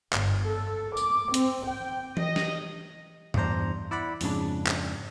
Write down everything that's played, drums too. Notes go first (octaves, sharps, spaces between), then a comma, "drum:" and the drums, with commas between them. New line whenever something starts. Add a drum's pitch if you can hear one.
G1, drum: clap
A4
D6, drum: tambourine
C4, drum: hi-hat
G5
D#5, drum: tom E3
drum: snare
E2 G2 D4 C5 A#5, drum: tom G#2
E4 D5 F#5 B5
F2 G#2 C#3 D4, drum: open hi-hat
drum: clap